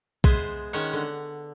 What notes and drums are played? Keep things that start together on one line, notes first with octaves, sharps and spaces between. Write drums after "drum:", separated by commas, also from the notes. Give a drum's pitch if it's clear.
G#3 B3 G#4 C5 E5, drum: kick
D#3 G#3 C#4 C#5 F#5
D3